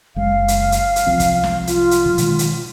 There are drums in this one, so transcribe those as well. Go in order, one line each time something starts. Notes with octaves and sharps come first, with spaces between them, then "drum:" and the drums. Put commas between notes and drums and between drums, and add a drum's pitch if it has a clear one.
F#1 G#3 F5
drum: hi-hat
drum: hi-hat
drum: hi-hat
C2 F3 C4
drum: kick, hi-hat
drum: snare
F4, drum: hi-hat
drum: hi-hat
D3 F3
B2 D#3 G#3, drum: hi-hat
drum: hi-hat